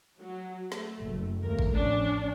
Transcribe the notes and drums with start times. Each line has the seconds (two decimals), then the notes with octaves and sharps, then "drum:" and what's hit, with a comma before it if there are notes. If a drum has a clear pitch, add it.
0.20 F#3
0.72 A3, drum: snare
1.02 F#1
1.43 D#2 A3 A#3 A#4
1.59 drum: kick G#1
1.75 A1 F2 C#4 D4